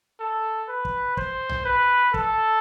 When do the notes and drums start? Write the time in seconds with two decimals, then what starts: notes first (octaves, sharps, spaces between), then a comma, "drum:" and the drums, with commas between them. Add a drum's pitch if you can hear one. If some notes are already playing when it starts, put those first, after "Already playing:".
0.20 A4
0.69 B4
0.85 drum: kick
1.17 C5, drum: kick
1.49 drum: tom B1
1.65 B4
2.14 A4, drum: kick